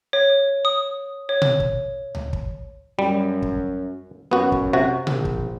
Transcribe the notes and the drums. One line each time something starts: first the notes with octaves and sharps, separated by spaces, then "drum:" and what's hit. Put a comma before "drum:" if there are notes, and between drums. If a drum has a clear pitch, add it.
C#5
D#6
C#5
drum: tom B2
drum: kick
drum: tom C#2
drum: kick
F#2 G3
drum: kick
F#2 B3 F#4
drum: kick
C3 F#4
A#1, drum: tom B2
drum: kick